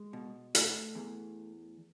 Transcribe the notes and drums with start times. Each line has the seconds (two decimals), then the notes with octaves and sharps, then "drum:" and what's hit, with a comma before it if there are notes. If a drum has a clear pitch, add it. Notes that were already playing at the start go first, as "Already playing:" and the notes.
Already playing: G#3
0.13 B2
0.55 A3, drum: hi-hat
0.95 E2